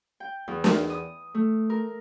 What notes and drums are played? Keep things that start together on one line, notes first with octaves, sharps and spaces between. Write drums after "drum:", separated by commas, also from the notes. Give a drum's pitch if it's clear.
G5
E2
drum: snare
D#6
A3
A#4